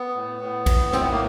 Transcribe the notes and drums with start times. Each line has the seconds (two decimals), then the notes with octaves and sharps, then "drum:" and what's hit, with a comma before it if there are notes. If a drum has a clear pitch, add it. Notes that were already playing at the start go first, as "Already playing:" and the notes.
Already playing: B3
0.16 A2
0.41 A2
0.66 A2, drum: kick, cymbal
0.92 A2 C4, drum: snare
1.02 B3
1.11 A#3